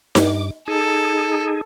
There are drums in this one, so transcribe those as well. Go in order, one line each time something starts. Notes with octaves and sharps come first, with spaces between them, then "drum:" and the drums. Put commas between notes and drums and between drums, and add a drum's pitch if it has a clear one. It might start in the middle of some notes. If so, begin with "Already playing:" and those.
G2 D6, drum: snare D#4
D#4 G#4 A4